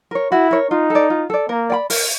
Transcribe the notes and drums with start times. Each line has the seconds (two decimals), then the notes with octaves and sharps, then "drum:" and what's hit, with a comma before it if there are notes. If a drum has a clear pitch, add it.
0.11 A#4 C#5
0.31 E4 F#4
0.51 A#4 C#5
0.70 D#4 F4
0.90 A4 D5
1.10 F4
1.30 A4 D5
1.49 A#3 A#4
1.70 D5 G5 B5
1.90 A#4, drum: open hi-hat